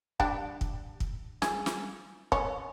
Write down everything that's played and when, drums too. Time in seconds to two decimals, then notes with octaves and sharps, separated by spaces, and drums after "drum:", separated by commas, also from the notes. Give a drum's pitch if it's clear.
0.20 G3 D4 G5, drum: kick
0.61 drum: kick
1.00 drum: kick
1.42 G#4, drum: snare
1.66 drum: snare
2.32 C#4, drum: kick